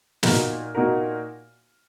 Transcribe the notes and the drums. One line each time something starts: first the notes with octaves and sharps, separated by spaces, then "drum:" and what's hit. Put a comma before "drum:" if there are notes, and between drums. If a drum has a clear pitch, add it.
A#2 A#3 D#4 F#4 A#4, drum: snare
A#2 A#3 D#4 F#4 A#4